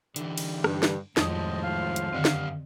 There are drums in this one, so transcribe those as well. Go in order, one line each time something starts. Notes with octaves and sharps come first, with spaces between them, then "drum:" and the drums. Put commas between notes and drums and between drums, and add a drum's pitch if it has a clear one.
D3 E3 G3, drum: hi-hat
drum: cymbal
G2, drum: rim click
drum: snare
F2 A2 D#3 F3 F#3 G#3 D#5 D#6, drum: snare
F5
drum: hi-hat
F#2 D3 D#3 C4 G4 F#5
drum: snare